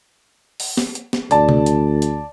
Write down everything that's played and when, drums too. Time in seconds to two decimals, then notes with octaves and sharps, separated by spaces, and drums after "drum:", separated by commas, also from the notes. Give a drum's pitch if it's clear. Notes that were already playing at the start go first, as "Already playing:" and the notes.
0.60 drum: open hi-hat
0.77 drum: snare
0.95 drum: hi-hat
1.13 drum: snare
1.31 D2 D5 A5, drum: hi-hat
1.49 drum: tom
1.66 drum: hi-hat
2.02 drum: hi-hat